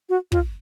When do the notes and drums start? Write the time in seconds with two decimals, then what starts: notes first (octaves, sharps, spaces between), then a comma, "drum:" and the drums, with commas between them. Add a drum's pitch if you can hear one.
0.09 F#4
0.32 F4, drum: kick